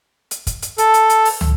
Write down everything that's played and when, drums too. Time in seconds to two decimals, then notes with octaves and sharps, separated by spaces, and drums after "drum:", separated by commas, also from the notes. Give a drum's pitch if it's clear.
0.31 drum: hi-hat
0.47 drum: kick, hi-hat
0.62 drum: hi-hat
0.78 A4, drum: hi-hat
0.94 drum: hi-hat
1.09 drum: hi-hat
1.25 drum: open hi-hat
1.41 drum: tom